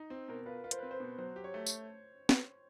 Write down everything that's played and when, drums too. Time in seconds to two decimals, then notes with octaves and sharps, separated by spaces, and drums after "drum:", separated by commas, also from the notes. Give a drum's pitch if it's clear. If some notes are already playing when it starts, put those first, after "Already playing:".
Already playing: D#4
0.10 C4
0.29 B2 A#4
0.46 F4 B4
0.64 F4 B4
0.71 C5, drum: hi-hat
0.79 C4 B4
0.91 C5
1.00 B2
1.18 F#3 C5
1.36 G4
1.44 C#5
1.54 A3
1.66 drum: tambourine
2.29 drum: snare